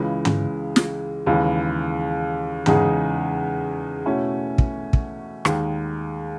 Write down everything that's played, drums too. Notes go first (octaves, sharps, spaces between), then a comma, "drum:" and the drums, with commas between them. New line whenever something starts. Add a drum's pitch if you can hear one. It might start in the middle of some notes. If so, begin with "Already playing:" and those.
Already playing: C#2 C#3 E3 G#3
drum: tom
drum: snare
D#2 C#3 E3 G#3
E2 C#3 G#3 D#4 G#4, drum: tom
B2 A3 C#4 E4
drum: kick
drum: kick
D#2 D#3 G#3, drum: rim click